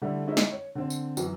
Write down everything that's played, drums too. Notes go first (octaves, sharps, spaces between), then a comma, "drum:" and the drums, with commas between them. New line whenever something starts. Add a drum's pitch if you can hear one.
D3 G3 A3 E4
G#3 C#4 D#4 E4
drum: snare
C#5
D3 C4
drum: tambourine
F#2 E3 F#3, drum: tambourine